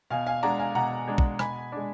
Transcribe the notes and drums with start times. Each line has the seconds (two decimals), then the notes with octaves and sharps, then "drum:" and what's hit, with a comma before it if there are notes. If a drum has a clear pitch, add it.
0.10 B2 F5 G#5
0.27 F5 G#5
0.43 G#3 D4 F#5 A#5
0.59 F5 G#5
0.75 B2 F#5 A#5
1.08 G#3 D4
1.18 drum: kick
1.39 B2 G#5 B5, drum: rim click
1.72 G#3 D4